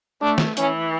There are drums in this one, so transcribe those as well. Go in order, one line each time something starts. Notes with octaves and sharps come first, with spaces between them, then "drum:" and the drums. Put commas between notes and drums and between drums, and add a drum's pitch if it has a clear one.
A3 D4
drum: snare
E3 C#4, drum: hi-hat